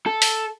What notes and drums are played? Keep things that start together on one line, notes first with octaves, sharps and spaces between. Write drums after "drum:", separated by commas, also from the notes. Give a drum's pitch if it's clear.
A4
drum: open hi-hat